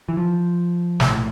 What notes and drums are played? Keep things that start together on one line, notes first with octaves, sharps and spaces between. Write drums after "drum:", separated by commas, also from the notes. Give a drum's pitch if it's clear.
E3
F3
A#1 A2, drum: snare